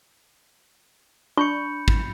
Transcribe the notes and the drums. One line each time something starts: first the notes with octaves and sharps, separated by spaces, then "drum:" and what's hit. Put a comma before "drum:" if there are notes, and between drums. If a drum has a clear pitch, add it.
D4 B5 C#6 G6 C#7
drum: kick